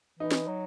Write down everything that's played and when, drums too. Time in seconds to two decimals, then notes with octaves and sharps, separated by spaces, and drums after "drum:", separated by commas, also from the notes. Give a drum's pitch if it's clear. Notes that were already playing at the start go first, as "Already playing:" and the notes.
0.20 E3 D#4
0.31 drum: snare
0.47 F#3